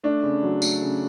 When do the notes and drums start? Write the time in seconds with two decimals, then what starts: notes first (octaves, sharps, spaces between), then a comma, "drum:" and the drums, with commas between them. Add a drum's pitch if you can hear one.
0.03 A3 D4
0.23 C#3
0.43 F#3
0.62 A3, drum: tambourine
0.82 C#3